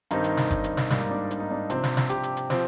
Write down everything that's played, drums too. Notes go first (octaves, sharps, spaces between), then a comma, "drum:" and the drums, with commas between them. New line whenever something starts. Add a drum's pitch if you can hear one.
G2 D#3 G3 C4 D#4, drum: hi-hat
drum: hi-hat
drum: snare
drum: kick F#1, hi-hat
drum: hi-hat
drum: snare
G#2 G3 A#3, drum: snare
D#4
D4
D4, drum: hi-hat
D#4
D4
C3 F3 C4, drum: hi-hat
drum: snare
drum: snare
G4, drum: hi-hat
drum: hi-hat
drum: hi-hat
F3 C4, drum: snare